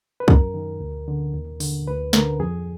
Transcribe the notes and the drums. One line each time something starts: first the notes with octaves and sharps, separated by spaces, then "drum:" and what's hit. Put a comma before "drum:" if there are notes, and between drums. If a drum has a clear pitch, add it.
B4
F#2 A#4, drum: kick
D#3
D2
D3
D#2
D3, drum: open hi-hat
D2 B4
D3 A#4, drum: snare
F2 G#4